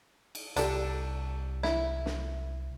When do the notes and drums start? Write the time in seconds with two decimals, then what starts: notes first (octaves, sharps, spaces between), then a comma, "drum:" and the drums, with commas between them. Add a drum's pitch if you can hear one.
0.35 drum: cymbal
0.56 C2 D4 G4 A4 A5, drum: hi-hat
1.63 E4, drum: snare
2.06 drum: snare